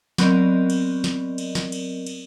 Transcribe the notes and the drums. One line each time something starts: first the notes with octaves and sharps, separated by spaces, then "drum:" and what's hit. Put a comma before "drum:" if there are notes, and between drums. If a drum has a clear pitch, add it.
F#3 B3 C4 A#4 D5 D#5, drum: snare
drum: cymbal
drum: snare
drum: cymbal
drum: snare
drum: cymbal
drum: cymbal